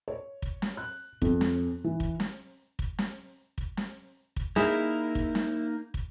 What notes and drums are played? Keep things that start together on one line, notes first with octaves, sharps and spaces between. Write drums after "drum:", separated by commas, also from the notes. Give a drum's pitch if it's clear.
C#5
drum: kick
drum: snare
F#6
F2, drum: kick
drum: snare
E3
drum: kick
drum: snare
drum: kick
drum: snare
drum: kick
drum: snare
drum: kick
A#3 D#4 E4 G#4 A#4, drum: snare
drum: kick
drum: snare
drum: kick